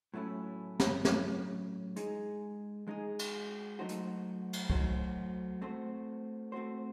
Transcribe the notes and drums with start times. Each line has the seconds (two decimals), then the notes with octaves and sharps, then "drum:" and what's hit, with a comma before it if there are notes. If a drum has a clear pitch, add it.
0.14 A2 F#3 A3 C#4 E4
0.80 drum: snare
1.05 A2 F#3 A3 C#4 E4, drum: snare
1.96 G#3 D#4 G#4, drum: hi-hat
2.88 G#3 D#4 G#4
3.19 drum: cymbal
3.79 F#3 A3 D#4 F#4 C5
3.89 drum: hi-hat
4.53 drum: cymbal
4.70 F#3 A3 D#4 F#4 C5, drum: kick C2
5.62 A3 C4 F#4 C5
6.52 A3 C4 F#4 C5